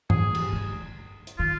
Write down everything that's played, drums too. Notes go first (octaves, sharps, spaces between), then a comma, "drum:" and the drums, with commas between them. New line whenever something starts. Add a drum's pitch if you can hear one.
G#4, drum: tom G2
drum: cymbal
D3
drum: hi-hat
D#3 F4